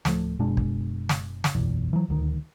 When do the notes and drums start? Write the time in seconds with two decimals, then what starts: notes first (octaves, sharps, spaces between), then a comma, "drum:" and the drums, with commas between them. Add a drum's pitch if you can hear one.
0.05 D1 F3 A3, drum: snare
0.39 F#1 B2 G#3 D4
0.57 drum: kick
1.09 drum: snare
1.44 drum: snare
1.55 F#1 B1 E2
1.93 E3 F#3
2.08 D#1 D2 D#3